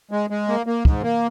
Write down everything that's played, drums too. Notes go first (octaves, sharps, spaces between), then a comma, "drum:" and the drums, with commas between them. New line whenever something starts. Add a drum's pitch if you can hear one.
G#3
G#3
A#3
A#3
G#2, drum: kick
A#3